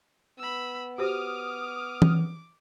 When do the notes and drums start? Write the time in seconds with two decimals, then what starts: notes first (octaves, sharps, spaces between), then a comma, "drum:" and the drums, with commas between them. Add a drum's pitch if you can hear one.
0.39 B3 B5 E6
0.98 F#4 G4 C5 D6 D#6 F6
2.02 drum: tom E3